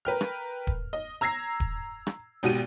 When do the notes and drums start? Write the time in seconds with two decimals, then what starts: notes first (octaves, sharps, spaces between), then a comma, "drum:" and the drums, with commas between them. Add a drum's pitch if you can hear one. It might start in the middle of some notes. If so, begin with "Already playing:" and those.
0.05 A#4 B4 G5 F6
0.21 drum: rim click
0.67 drum: kick D#1
0.93 D#5
1.21 A#5 E6 G#6 A#6 C7
1.60 drum: kick D#1
2.07 drum: rim click
2.43 G#1 B2 F#4 G4 D#7